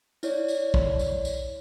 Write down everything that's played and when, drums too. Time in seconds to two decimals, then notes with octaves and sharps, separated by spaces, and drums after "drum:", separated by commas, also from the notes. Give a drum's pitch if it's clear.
0.23 E4 C#5 D5, drum: tambourine
0.48 drum: tambourine
0.74 drum: kick
0.99 drum: tambourine
1.25 drum: tambourine